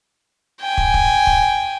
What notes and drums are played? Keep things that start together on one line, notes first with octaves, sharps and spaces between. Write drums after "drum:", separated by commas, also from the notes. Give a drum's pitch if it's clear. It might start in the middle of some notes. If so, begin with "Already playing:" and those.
G5 G#5
drum: kick
drum: kick
drum: kick